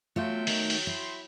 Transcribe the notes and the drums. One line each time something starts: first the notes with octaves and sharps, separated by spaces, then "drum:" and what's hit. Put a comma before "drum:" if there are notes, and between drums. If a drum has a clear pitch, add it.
F#3 A3 F4 E5 G5
D#3, drum: open hi-hat
drum: open hi-hat
E4 C6